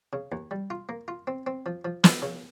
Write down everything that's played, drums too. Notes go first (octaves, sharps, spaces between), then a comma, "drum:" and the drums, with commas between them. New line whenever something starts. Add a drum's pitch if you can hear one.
C#3
D#2
G3
F4
A#3
F4
C4
C4
F3
F3
F3, drum: snare
C#3